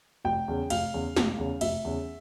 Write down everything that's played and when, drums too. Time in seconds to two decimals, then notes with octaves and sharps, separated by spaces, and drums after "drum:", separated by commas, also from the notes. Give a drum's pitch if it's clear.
0.24 F1 G5
0.48 E2 C#3
0.70 F1 F5, drum: cymbal
0.94 E2 C#3
1.17 F1, drum: snare
1.38 E2 C#3
1.61 F1 E5, drum: cymbal
1.85 E2 C#3